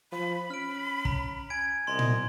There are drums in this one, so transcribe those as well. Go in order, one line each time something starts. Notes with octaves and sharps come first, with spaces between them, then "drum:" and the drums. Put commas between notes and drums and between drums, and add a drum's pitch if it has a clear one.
F3 B5
C#4 F6 D7
A#5, drum: kick
G#5 G#6 D7
C2 D#5 A#5 C6
drum: tom A#2